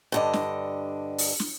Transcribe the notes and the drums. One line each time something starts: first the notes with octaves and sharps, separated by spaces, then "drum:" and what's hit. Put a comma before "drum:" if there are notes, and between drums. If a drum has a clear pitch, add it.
G2 D3 D#5
drum: snare
drum: open hi-hat
drum: snare